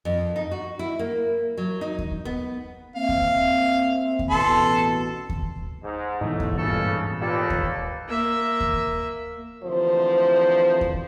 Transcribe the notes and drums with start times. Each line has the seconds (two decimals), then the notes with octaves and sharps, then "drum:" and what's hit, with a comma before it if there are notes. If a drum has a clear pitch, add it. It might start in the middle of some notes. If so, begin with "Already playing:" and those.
0.05 F2
0.36 D#4
0.51 F#4
0.79 E4
0.99 A#3
1.57 F#3
1.81 D#4
1.99 drum: kick D#2
2.25 B3
2.96 A#3 C4 E5 F5
3.09 drum: kick D#2
4.19 drum: kick D#2
4.30 A1 B2 A4 C6
5.30 drum: kick D#2
5.84 G#2
6.21 A1 G#2 B2 E3 A3 D#4
6.40 drum: kick D#2
6.58 B1 G2 A#2 C#3 A4
7.22 D#2 A#3 F4 G4 A4 B4 D5
7.50 drum: kick D#2
8.08 A#3 E5
8.61 drum: kick D#2
9.63 D2 C3 E3 F3 C5
10.81 drum: kick D#2